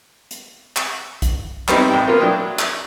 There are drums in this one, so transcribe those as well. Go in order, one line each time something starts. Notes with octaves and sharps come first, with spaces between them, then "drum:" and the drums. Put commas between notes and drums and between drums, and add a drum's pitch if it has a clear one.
drum: hi-hat
drum: clap
drum: kick B1, hi-hat
G3 B3 C4 D#4 E4, drum: clap
A1 G5
A#3 B3 F4
F#3 D4 E4 G5 D#6
drum: clap